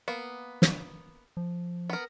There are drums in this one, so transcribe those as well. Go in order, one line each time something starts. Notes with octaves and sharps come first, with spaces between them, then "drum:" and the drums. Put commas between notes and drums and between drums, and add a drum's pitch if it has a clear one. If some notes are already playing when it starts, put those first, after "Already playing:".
A#3 B3
drum: snare
F3
B3 A#4